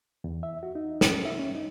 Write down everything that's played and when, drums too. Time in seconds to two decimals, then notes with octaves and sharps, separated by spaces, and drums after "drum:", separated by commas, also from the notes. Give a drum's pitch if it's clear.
0.24 E2
0.43 E5
0.63 F#4
0.75 D#4
1.01 C#4, drum: snare
1.25 E5
1.39 C#4
1.55 D#4